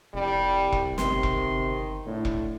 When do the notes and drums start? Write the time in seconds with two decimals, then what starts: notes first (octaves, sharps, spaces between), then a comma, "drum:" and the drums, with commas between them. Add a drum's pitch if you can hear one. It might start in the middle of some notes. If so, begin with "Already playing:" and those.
0.14 F1 C2 G3
0.72 drum: kick E1
0.98 G1 C3 D#3 C6, drum: snare
1.23 drum: kick E1
2.06 A2 D3
2.25 drum: kick E1